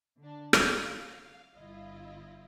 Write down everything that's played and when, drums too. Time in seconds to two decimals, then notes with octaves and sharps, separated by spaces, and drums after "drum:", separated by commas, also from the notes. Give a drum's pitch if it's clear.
0.18 D3 D4
0.53 F5, drum: rim click
1.55 G1 E4 F4 D#5